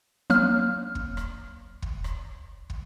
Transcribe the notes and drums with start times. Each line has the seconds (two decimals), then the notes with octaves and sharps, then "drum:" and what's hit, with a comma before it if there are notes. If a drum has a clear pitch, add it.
0.30 F#3 A#3 F6, drum: rim click
0.95 drum: kick
1.17 drum: rim click
1.82 drum: kick
2.04 drum: rim click
2.70 drum: kick